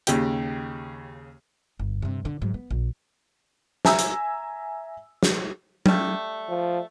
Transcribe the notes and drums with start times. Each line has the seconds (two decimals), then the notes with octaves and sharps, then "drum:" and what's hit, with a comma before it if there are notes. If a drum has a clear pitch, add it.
0.07 D#2 C#3 G4 G5, drum: hi-hat
1.79 G1
2.02 G2 C3
2.25 D3
2.42 G#2 F#3
2.54 B3
2.71 A#1
3.85 E5 G#5 A#5 E6, drum: snare
3.99 drum: hi-hat
5.23 drum: snare
5.86 G3 A3, drum: tom F#3
6.49 F3